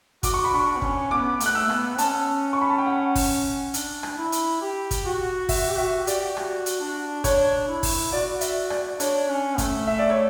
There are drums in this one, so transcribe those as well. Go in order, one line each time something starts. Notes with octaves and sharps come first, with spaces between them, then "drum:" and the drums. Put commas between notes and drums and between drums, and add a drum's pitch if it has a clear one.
F#4 D6, drum: kick, hi-hat
C#6
B5
D4 C#6
B3
C#4, drum: kick
B3 D6
A3, drum: hi-hat
F#6
E6
B3, drum: rim click
C#4 A5, drum: hi-hat
C#6
B5
A5
G5
F#5
drum: kick, open hi-hat
D4, drum: hi-hat
drum: rim click
E4
drum: hi-hat
G4
drum: kick, hi-hat
F#4
F#4 E5, drum: kick, open hi-hat
G4
F#4 E5
G4 D5, drum: hi-hat
F#4, drum: rim click
drum: hi-hat
D4
D4 C#5, drum: kick, hi-hat
E4
drum: kick, open hi-hat
F#4 D5
E5, drum: hi-hat
D5, drum: rim click
D4 C#5, drum: hi-hat
C#4
A3, drum: kick, hi-hat
E5
D5
C#5